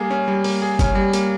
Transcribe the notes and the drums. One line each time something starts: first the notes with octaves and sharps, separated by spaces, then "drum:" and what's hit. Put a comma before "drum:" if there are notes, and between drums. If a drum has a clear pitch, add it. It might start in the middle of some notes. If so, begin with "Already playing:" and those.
Already playing: G3 A#3 G#4
C#4
G3
A#3, drum: open hi-hat
G#4
C#4, drum: kick G1, hi-hat
G3
A#3, drum: hi-hat